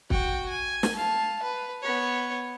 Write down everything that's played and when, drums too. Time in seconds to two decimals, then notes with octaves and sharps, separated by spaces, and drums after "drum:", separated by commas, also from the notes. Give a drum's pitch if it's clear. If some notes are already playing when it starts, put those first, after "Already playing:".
0.10 F#4 G5, drum: kick
0.49 G#5
0.83 drum: snare
0.95 F5 A5
1.42 B4
1.83 B3 C#5